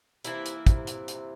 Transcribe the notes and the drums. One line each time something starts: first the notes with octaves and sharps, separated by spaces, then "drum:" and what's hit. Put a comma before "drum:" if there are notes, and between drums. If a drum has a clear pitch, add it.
C3 E3 A#3 E4, drum: hi-hat
drum: hi-hat
C3, drum: kick, hi-hat
drum: hi-hat
drum: hi-hat